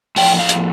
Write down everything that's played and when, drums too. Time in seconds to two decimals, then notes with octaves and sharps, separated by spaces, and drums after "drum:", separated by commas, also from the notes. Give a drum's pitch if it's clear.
0.16 A2 F3 A3 G5, drum: open hi-hat
0.39 F5
0.49 drum: hi-hat